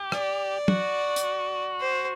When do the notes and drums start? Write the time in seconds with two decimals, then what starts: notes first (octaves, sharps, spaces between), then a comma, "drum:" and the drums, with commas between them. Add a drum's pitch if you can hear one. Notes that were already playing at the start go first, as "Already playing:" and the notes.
Already playing: G4
0.12 D5, drum: rim click
0.68 F#4, drum: tom
1.16 drum: hi-hat
1.80 C5